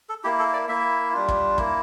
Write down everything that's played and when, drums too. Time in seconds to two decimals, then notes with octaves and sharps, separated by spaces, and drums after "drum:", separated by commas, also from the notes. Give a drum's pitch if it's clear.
0.09 A4
0.24 A#3 E4 G4
0.39 A4
0.53 D5
0.69 A#3 E4 E5
1.13 G3 D4 F4
1.29 drum: kick
1.58 A#3 E4, drum: kick